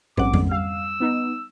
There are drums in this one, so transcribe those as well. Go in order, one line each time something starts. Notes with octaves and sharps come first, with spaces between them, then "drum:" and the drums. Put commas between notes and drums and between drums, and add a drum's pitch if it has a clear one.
A#1 C4 C#4 F#5 D6, drum: tom
drum: tom F2
G3 F5 E6
B3 D#4